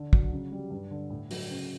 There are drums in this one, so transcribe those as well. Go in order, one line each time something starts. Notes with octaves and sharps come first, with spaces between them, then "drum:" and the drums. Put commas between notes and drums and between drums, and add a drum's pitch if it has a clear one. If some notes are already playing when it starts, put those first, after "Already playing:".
Already playing: D3
F#3, drum: kick
C#3
G3
G2
D3
A2
F#3, drum: open hi-hat
C#3